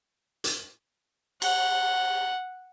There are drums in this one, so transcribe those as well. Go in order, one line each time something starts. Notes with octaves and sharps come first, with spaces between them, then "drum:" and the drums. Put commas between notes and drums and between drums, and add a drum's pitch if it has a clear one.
drum: hi-hat
F#5, drum: cymbal